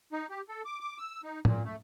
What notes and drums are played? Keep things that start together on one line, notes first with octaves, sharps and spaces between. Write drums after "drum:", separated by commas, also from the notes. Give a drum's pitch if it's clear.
D#4
G4
A4
D6
D6
E6
D#4
A#2, drum: tom
A3